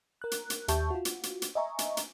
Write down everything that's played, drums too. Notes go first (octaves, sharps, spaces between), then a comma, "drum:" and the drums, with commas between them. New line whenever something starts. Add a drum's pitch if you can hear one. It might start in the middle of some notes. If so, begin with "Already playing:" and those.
A#4 F#6
drum: hi-hat
drum: hi-hat
D#2 G4 E5 A5 C#6 G6, drum: hi-hat
F4 F#4
drum: hi-hat
drum: hi-hat
drum: hi-hat
D#5 E5 G#5 A#5 C#6
drum: hi-hat
drum: hi-hat